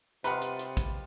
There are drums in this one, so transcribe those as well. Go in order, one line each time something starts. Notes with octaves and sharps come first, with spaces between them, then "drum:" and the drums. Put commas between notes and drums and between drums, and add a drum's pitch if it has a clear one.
C3 G3 F4 B4 D#5 F#5 A#5 C6, drum: hi-hat
drum: hi-hat
drum: hi-hat
drum: kick, hi-hat